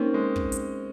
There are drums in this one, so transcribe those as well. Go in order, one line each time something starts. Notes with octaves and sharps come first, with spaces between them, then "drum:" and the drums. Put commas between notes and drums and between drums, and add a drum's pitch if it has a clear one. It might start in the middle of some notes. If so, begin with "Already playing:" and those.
Already playing: A#3 C4 C#4 D#4 A#4
G#3
drum: kick
drum: hi-hat